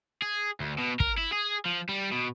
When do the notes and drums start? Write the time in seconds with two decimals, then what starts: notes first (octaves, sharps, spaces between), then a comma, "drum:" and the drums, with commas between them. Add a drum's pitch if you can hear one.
0.22 G#4
0.60 D2
0.79 B2
1.00 A#4, drum: kick
1.18 E4
1.32 G#4
1.65 F3
1.89 G3
2.12 B2